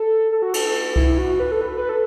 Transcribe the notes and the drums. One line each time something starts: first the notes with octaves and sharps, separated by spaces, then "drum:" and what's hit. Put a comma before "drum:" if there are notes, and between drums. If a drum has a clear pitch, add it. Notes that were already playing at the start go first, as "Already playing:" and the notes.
Already playing: A4
A4
F#4
A4, drum: cymbal
E4, drum: kick C2
F#4
B4
A4
B4
B4
A4